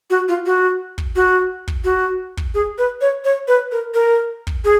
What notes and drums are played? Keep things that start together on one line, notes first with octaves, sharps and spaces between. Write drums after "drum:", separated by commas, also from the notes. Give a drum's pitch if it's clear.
F#4
F4
F#4
drum: kick
F#4
drum: kick
F#4
drum: kick
G#4
B4
C#5
C#5
B4
A#4
A#4
drum: kick
G#4